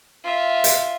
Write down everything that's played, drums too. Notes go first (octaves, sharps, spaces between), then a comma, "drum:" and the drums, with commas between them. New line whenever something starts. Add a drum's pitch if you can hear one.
F4 E5
drum: hi-hat